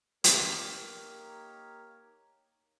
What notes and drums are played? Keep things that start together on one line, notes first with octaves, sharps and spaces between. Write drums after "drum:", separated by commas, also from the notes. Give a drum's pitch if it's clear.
A#3 D#4 G4 A#4 C#5, drum: hi-hat